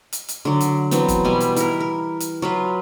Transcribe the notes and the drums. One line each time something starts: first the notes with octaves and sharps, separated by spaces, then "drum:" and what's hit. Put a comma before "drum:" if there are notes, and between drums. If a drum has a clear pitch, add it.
drum: hi-hat
drum: hi-hat
D3 F#3
drum: hi-hat
E3 F#3 B3 C4, drum: hi-hat
drum: kick, hi-hat
B2 G3 G#5
drum: hi-hat
E4 A#4, drum: hi-hat
A#4
drum: hi-hat
F#3 F4 B4